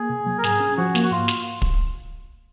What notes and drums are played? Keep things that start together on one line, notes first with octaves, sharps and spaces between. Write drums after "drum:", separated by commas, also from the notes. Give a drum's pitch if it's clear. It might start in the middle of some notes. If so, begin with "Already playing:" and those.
Already playing: A#3 G#4
C3
F#3
A#4
G#2 G#4, drum: snare
C#4
F3 F#4
A#3, drum: snare
F#4
G#2 F4
drum: snare
drum: kick